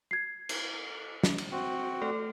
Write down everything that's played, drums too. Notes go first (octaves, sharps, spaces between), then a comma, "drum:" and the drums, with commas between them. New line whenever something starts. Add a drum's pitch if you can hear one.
G#6 C7
drum: cymbal
drum: snare
drum: cymbal
C4 F#4
A3 A4